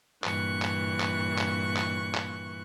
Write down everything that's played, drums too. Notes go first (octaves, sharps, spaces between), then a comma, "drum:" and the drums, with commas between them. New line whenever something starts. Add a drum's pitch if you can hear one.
G2 A#2 E3 C#6 F#6, drum: clap
drum: clap
drum: clap
drum: clap
drum: clap
drum: clap